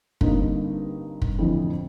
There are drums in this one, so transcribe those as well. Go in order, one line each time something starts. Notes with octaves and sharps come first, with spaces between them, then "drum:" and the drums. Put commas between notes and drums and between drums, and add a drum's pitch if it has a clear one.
G2 D3 A#3 C4 D#4, drum: kick
drum: kick
F2 A2 D3 E3 C4